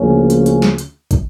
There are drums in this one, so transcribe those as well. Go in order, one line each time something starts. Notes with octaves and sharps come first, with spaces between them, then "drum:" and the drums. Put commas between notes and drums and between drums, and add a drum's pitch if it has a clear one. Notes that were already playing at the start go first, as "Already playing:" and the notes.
Already playing: D2 C#3 F3 A#3 C#4
drum: hi-hat
drum: hi-hat
drum: snare
drum: hi-hat
drum: kick, hi-hat